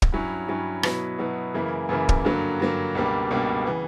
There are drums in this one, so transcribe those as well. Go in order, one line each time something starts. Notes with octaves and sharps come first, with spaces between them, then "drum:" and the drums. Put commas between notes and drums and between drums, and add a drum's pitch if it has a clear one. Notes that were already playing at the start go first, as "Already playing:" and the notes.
drum: kick
G2 F#3 C#4 E4
G2 F#3 C#4 E4
B2 F#3 B3 E4, drum: rim click
B2 F#3 B3 E4
F#2 C#3 E3 A#3 E4
F#2 C#3 E3 A#3 E4
drum: kick
G2 D3 F#3 A#3
G2 D3 F#3 A#3
C#2 B2 G3 A#3 D4
C#2 B2 G3 A#3 D4
C#3 E3 B3